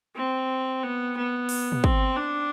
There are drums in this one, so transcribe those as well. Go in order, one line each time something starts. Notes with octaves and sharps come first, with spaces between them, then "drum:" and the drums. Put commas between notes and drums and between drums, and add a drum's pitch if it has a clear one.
C4
B3
B3
drum: open hi-hat
drum: tom A#2
C4, drum: kick
D4